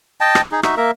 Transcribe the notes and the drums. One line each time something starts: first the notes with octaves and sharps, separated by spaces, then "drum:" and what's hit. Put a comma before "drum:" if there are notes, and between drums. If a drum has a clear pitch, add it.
D#5 G5 A5
drum: rim click
D#4 G#4
D#4 F#4 E5, drum: rim click
A#3 A#4 E5